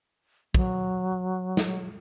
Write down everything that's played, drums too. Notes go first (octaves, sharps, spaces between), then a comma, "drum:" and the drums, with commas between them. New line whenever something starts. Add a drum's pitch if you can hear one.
F#3, drum: kick
drum: snare